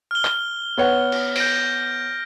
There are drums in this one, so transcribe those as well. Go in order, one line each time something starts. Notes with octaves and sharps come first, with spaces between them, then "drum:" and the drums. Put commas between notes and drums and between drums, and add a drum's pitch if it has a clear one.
F6 G7
drum: clap
B3 C#5 F#5
drum: cymbal
G6 A#6 D7, drum: open hi-hat